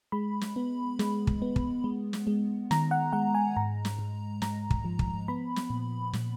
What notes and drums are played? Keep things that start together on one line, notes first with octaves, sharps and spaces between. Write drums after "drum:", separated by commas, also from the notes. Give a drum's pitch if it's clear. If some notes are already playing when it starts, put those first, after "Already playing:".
G#3 B5
drum: snare
B3
G#3, drum: snare
drum: kick
B3
drum: kick
G#3
drum: snare
G#3
D#3 A#5, drum: snare
F#5
G#3 F#5
G#5
G#2 A#5
drum: snare
G#2
G#2 A#5, drum: snare
drum: kick
F3
drum: kick
B3 B5
drum: snare
A#2
A#2, drum: snare